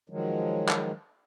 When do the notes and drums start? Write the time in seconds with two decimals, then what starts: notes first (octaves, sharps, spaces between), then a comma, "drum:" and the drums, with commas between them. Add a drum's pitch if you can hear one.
0.10 D#3 F3 F#3 G#3
0.69 drum: clap